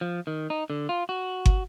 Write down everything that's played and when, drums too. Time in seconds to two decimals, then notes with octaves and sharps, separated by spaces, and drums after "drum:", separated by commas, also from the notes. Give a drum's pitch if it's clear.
0.01 F3
0.27 D#3
0.50 D#4
0.70 D3
0.89 F4
1.09 F#4
1.46 drum: kick